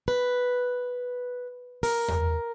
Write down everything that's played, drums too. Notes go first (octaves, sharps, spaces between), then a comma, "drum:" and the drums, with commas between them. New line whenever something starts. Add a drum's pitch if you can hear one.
B4
A#4, drum: open hi-hat
drum: tom E2